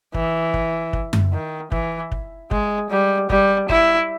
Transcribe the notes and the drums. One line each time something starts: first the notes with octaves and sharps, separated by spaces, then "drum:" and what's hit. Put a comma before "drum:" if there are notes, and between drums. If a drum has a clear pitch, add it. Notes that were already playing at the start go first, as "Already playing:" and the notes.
E3, drum: kick
drum: kick
drum: kick
drum: tom F#2
D#3
E3, drum: kick
drum: kick
G#3, drum: kick
G3
G3, drum: kick
E4, drum: kick